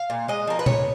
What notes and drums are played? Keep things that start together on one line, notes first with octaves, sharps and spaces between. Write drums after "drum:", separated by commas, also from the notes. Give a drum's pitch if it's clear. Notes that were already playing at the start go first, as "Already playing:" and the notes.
Already playing: F5
A#2
G#3 D#5
F3 A#4
B4
A#2 C#5, drum: tom